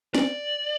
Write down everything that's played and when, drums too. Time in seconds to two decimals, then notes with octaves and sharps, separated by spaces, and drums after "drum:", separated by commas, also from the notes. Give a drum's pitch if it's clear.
0.14 D5, drum: snare